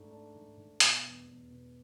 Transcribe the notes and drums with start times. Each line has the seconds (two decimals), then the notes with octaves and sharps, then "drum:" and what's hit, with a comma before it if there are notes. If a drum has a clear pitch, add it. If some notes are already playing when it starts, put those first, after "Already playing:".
Already playing: G#2 A3 D4
0.11 D4
0.35 G#2
0.57 G#2
0.80 B2, drum: hi-hat
1.04 E2
1.27 E2
1.50 B2